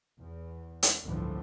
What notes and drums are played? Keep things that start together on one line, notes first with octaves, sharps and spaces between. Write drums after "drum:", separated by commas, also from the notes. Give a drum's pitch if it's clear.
E2
drum: hi-hat
G1 C#2 A2 D3 E3 F3